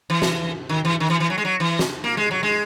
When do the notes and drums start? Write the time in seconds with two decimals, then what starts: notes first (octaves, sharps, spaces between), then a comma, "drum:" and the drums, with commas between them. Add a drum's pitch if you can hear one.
0.10 E3
0.22 drum: snare
0.69 D#3
0.85 E3
1.00 D#3
1.10 E3
1.20 E3
1.30 F#3
1.38 G#3
1.45 F#3
1.60 E3
1.79 drum: snare
2.04 A#3
2.17 G#3
2.31 F#3
2.43 G#3